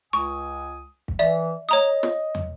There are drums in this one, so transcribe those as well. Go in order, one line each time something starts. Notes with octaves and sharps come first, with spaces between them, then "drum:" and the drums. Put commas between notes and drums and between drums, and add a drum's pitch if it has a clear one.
C#2 G#5 C#6 D#6
drum: kick
E3 D5 E5
C#5 D#5 A#5 D#6
drum: snare
drum: tom